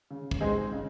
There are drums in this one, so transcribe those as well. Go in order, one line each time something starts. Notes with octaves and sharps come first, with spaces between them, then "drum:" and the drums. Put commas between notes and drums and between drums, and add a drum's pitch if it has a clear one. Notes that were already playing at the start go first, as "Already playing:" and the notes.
C#3
drum: kick
G#3 C4 D#4 G#4
C#3